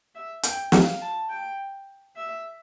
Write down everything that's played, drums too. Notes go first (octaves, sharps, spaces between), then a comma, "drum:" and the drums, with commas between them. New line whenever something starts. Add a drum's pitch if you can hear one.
E5
G5, drum: hi-hat
F5, drum: snare
A5
G5
E5